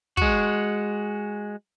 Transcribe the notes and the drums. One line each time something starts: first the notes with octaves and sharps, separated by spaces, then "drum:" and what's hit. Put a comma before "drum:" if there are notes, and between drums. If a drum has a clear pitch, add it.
G#3 F#4, drum: kick